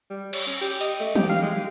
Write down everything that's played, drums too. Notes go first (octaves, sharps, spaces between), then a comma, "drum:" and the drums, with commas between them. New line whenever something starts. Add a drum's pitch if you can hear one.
G3
C#5, drum: cymbal
C#4
G4
D#5, drum: hi-hat
A3
G4, drum: tom E3
F5
G#3
G4